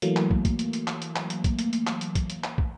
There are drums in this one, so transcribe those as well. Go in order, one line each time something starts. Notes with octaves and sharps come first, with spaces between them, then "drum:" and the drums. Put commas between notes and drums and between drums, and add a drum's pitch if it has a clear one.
E3 F#3 A3 A#3, drum: hi-hat
drum: clap
drum: kick
drum: kick, hi-hat
drum: hi-hat
drum: hi-hat
drum: clap
drum: hi-hat
drum: clap
drum: hi-hat
drum: kick, hi-hat
drum: hi-hat
drum: hi-hat
drum: clap
drum: hi-hat
drum: kick, hi-hat
drum: hi-hat
drum: clap
drum: kick